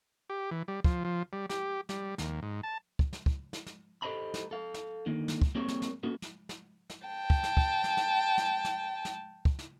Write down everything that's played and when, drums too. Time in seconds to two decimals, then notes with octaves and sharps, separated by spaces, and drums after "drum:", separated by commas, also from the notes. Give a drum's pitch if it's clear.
0.30 G4
0.51 E3
0.68 G3
0.84 F3, drum: kick
1.05 F3
1.33 G3
1.50 G4, drum: snare
1.89 G3, drum: snare
2.18 D#2, drum: snare
2.42 G#2
2.63 A5
2.99 drum: kick
3.13 drum: snare
3.26 drum: kick
3.53 drum: snare
3.67 drum: snare
4.02 G4 A4 C5 D#5 A#5 B5
4.34 drum: snare
4.51 A4 F5
4.74 drum: snare
5.06 D3 D#3 A#3
5.28 drum: snare
5.42 drum: kick
5.55 G3 A#3 C4 G#4 A#4 C#5
5.68 drum: snare
5.82 drum: snare
6.03 A#3 B3 C#4 F#4 A4
6.22 drum: snare
6.49 drum: snare
6.90 drum: snare
7.07 G5 A5
7.30 drum: kick
7.43 drum: snare
7.57 drum: kick
7.84 drum: snare
7.97 drum: snare
8.38 drum: snare
8.65 drum: snare
9.05 drum: snare
9.45 drum: kick
9.59 drum: snare